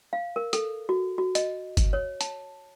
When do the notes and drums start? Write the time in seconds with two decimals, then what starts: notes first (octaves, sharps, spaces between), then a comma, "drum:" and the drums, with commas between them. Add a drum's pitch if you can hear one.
0.13 F5
0.36 A#4
0.53 A4, drum: hi-hat
0.89 F#4
1.18 F#4
1.35 D#5, drum: hi-hat
1.77 drum: kick G1, hi-hat
1.93 C#5
2.21 A5, drum: hi-hat